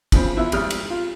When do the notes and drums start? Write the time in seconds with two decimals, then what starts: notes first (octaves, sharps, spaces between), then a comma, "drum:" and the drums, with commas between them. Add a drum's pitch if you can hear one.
0.12 C#3 E3 F3 B3 C4, drum: kick, cymbal
0.37 B3 E4 F4 E5
0.52 G#1 F2 G3 D#6 F6, drum: cymbal
0.70 drum: cymbal
0.90 F4